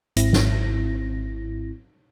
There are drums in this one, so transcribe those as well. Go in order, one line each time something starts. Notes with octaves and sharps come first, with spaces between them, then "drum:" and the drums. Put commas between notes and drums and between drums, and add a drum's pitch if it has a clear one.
G#1 G#2 C4 E4 A#6, drum: hi-hat
drum: snare